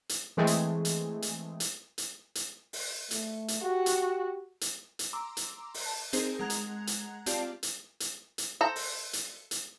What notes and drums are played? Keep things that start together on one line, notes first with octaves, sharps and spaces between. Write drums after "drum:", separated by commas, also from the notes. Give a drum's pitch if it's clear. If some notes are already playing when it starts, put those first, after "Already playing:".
drum: hi-hat
E3 G#3 A3 C4 G#4
drum: hi-hat
drum: hi-hat
drum: hi-hat
drum: hi-hat
drum: hi-hat
drum: hi-hat
drum: open hi-hat
A3, drum: hi-hat
drum: hi-hat
F#4 G4
drum: hi-hat
drum: hi-hat
drum: hi-hat
A#5 C6 D6 E6
drum: hi-hat
drum: open hi-hat
A5
C4 D#4 G#4 A#4 C5, drum: hi-hat
G#3 F#5 A#5 F#6 G#6 F7
drum: hi-hat
drum: hi-hat
C4 F4 G4 D5 F5 A5, drum: hi-hat
drum: hi-hat
drum: hi-hat
drum: hi-hat
A4 C5 A#5
drum: open hi-hat
drum: hi-hat
drum: hi-hat